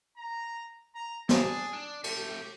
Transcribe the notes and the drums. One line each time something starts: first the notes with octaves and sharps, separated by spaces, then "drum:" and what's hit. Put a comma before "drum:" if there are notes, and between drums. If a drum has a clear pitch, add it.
A#5
A#5
G#4 D5 A5, drum: snare
D4
C3 A3 G4, drum: cymbal